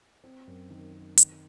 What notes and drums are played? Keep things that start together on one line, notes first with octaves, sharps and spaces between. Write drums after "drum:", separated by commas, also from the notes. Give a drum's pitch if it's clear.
C4
F#2
D#3
C4
D#3, drum: hi-hat